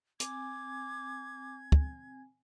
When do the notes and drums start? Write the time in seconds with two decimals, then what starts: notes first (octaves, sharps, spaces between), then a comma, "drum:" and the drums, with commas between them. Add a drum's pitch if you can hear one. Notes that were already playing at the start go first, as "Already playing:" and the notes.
0.20 C4 G#5 D6 G#6, drum: hi-hat
1.72 drum: kick